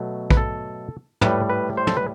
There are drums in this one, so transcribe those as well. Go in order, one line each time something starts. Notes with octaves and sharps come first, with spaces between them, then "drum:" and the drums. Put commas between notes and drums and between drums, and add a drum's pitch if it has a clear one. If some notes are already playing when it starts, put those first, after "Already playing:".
Already playing: B2 F#3 A3
B4, drum: kick
A4
A2 G3 B4, drum: tom
B4
C5
A4, drum: tom
B4